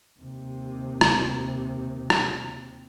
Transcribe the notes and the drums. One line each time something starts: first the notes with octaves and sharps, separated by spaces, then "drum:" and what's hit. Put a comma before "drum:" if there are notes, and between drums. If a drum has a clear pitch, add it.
D#2 C3
drum: rim click
drum: rim click